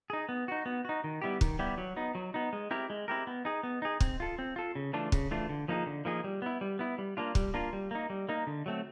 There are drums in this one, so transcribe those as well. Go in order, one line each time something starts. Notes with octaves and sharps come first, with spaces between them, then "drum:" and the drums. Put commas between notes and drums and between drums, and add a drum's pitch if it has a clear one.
D#4 G#4
B3
D#4 F#4
B3
D#4 F#4
D#3
G3 B3 E4 G4
D#3, drum: kick
G3 B3 E4 G4
F#3
B3 D#4
F#3
B3 D#4
G#3
C4 E4 G4 A#4
G#3
C4 E4 G4 A#4
B3
D#4 G#4
B3
D#4 G#4
C4, drum: kick
F4 A4
C4
F4 A4
C#3
E3 A3 D4 F4
C#3, drum: kick
E3 A3 D4 F4
D3
F3 A#3 D#4 G#4
D3
F3 A#3 D#4 G#4
G3
B3 E4
G3
B3 E4
G3
A#3 D4 F4
G3, drum: kick
A#3 D4 F4
G3
A#3 D#4
G3
A#3 D#4
D3
F#3 A3 C4